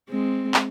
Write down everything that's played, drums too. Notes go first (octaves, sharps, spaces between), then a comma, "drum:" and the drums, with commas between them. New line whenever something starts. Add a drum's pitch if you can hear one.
G#3 C4
drum: clap